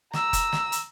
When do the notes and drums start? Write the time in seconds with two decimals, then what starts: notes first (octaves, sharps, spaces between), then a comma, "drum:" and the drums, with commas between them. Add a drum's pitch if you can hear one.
0.13 A#5 E6, drum: snare
0.33 drum: kick F1, hi-hat
0.53 drum: snare
0.72 drum: hi-hat